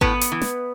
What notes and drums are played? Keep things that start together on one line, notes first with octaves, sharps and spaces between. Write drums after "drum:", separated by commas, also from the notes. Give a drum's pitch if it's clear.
A2 B3 B4, drum: kick G#1
drum: hi-hat
E3
drum: snare